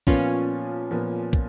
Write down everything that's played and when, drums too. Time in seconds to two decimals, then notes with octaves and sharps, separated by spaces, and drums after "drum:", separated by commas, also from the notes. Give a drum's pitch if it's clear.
0.07 A#2 F3 B3 C#4 F4, drum: kick
0.91 A#2 F3 B3
1.33 drum: kick